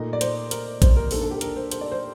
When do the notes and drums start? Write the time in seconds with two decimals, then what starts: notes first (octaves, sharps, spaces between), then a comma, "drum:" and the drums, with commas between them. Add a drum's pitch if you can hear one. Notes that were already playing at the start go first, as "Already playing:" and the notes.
Already playing: A#2 A3 D#4 D#5
0.13 D5
0.21 C5, drum: hi-hat
0.51 A#4, drum: hi-hat
0.82 C5, drum: kick A1, hi-hat
0.97 A#4
1.11 D#3 A#3 D4 A4, drum: open hi-hat
1.21 A4
1.31 G4
1.41 A#4, drum: hi-hat
1.56 C5
1.72 C5, drum: hi-hat
1.81 D5
1.92 C5